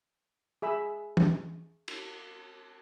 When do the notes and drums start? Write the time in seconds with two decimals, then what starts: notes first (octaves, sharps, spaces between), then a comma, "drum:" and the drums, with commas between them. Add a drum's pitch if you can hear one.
0.62 G#4 E5 B5 E6
1.17 drum: tom
1.88 drum: cymbal